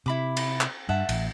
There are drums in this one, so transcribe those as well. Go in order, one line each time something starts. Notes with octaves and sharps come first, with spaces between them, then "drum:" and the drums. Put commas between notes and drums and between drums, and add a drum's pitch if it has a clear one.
C3 E4 B5 D6
drum: cymbal
drum: clap
G2 E5 F#5 A5
A1, drum: cymbal